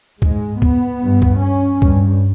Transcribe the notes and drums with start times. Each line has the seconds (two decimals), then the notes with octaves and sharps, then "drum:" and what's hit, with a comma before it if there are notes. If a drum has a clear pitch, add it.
0.22 G#2 G#3, drum: kick
0.62 B3, drum: kick
1.02 G2
1.22 drum: kick
1.42 C#4
1.82 G2, drum: kick